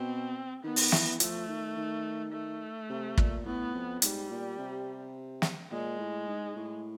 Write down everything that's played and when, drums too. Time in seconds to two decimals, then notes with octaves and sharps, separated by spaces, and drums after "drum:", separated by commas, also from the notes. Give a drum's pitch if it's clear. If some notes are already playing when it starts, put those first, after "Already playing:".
Already playing: B2 C4
0.63 D#3 B3
0.76 drum: open hi-hat
0.92 E3, drum: snare
1.20 F3 A3, drum: hi-hat
1.48 D#3
1.76 D#3
2.33 A3
2.89 C3
3.18 A#2, drum: kick
3.45 A2 B3
3.74 F2
4.02 G#2 G3, drum: hi-hat
4.30 A#2
4.58 C3
5.42 drum: snare
5.71 A#2 G#3
5.99 A2
6.28 G#2
6.56 A2